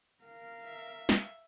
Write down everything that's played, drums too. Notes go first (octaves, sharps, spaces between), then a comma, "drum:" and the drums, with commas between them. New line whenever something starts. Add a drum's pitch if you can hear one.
A#4 F5
E5
drum: snare